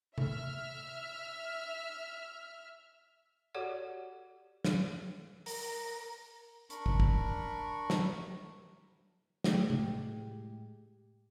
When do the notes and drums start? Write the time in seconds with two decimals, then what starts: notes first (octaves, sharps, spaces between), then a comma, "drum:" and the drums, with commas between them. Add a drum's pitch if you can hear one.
0.18 E5 F6, drum: tom C3
3.55 F#4 G4 A4 C#5 D5 F#5
4.65 drum: snare
5.46 A#4, drum: open hi-hat
6.70 D4 A#4 B5 C#6, drum: hi-hat
6.86 drum: kick
7.00 drum: kick
7.90 drum: snare
9.44 A2 G#3 G4, drum: snare
9.70 drum: tom C3